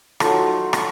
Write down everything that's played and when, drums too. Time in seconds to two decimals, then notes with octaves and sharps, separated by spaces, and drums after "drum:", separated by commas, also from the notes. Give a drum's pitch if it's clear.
0.20 F#3 D#4 F4 A4, drum: rim click
0.73 drum: rim click